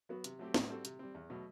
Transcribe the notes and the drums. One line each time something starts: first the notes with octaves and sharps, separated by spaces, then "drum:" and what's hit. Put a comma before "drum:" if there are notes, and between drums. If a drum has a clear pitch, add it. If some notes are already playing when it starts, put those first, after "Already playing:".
F#3 B3 F#4
C3, drum: hi-hat
F#3 A3 C4 G4
A2, drum: snare
G3 C4 F#4 A4
C3, drum: hi-hat
G3 C4
E2
B2 F#3 A3